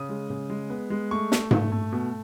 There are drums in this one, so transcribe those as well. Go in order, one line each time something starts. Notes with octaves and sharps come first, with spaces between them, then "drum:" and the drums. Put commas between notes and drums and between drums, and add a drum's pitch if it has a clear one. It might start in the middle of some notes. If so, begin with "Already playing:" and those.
Already playing: C#3 D#6
G#3
C#3
G#3
B3
G#3
A3 C#6
A3, drum: snare
A3, drum: tom G#2
A3
B2